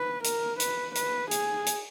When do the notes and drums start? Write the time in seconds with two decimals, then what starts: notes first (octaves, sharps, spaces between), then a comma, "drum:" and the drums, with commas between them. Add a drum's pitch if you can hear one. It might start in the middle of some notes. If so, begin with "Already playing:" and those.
Already playing: B4
0.24 A#4, drum: hi-hat
0.60 B4, drum: hi-hat
0.95 B4, drum: hi-hat
1.31 G#4, drum: hi-hat
1.66 drum: hi-hat